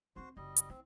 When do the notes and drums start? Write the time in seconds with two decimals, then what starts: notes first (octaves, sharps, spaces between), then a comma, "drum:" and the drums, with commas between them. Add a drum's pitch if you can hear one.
0.16 D#3 C4 F#4 C5
0.37 F#1 G3 D#5
0.56 drum: hi-hat
0.70 C4 E4